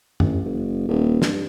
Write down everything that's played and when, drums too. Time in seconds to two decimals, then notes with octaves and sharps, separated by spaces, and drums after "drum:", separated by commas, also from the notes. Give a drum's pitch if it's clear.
0.20 A1, drum: tom
0.45 F#1
0.88 D#1
1.22 G2, drum: snare